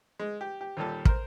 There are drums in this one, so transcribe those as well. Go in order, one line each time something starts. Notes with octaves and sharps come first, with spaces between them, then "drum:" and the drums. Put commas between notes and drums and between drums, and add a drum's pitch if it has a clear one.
G#3
G4
G4
D#2 A#2 G3 A4
A#4 C5, drum: kick